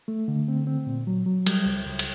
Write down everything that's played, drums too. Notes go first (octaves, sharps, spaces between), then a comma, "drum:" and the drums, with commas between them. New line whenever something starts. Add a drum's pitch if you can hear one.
A3
D3
C4
C4
A#2
F#3
F#3
G3, drum: cymbal
C#2
C#2
drum: cymbal